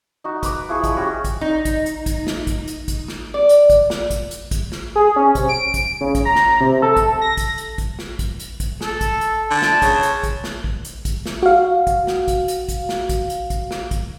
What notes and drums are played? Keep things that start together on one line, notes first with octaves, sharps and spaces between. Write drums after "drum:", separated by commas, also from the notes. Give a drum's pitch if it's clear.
D#4 F#4
B4 D6, drum: kick, hi-hat
F3 E4 G#4 C#6
G#3, drum: kick, hi-hat
C#4 F#4 G4
drum: kick, hi-hat
D#4
drum: kick, hi-hat
drum: hi-hat
drum: kick, hi-hat
drum: snare
drum: kick, hi-hat
drum: hi-hat
drum: kick, hi-hat
drum: snare
D5
drum: hi-hat
drum: kick, hi-hat
drum: snare
drum: kick, hi-hat
drum: hi-hat
drum: kick, hi-hat
drum: snare
G#4
C#4
C3, drum: kick, hi-hat
D7
drum: kick, hi-hat
C#3
drum: kick, hi-hat
A#5
drum: snare
C3
A4
drum: kick, hi-hat
A#6
drum: kick, hi-hat
drum: hi-hat
drum: kick, hi-hat
drum: snare
drum: kick, hi-hat
drum: hi-hat
drum: kick, hi-hat
A4, drum: snare
drum: kick, hi-hat
drum: hi-hat
D3 A5
drum: snare
C#3, drum: kick, hi-hat
drum: hi-hat
drum: kick, hi-hat
drum: snare
drum: kick
drum: hi-hat
drum: kick, hi-hat
drum: snare
F#4 F5
drum: kick, hi-hat
drum: snare
drum: kick, hi-hat
drum: hi-hat
drum: kick, hi-hat
drum: snare
drum: kick, hi-hat
drum: hi-hat
drum: kick, hi-hat
drum: snare
drum: kick, hi-hat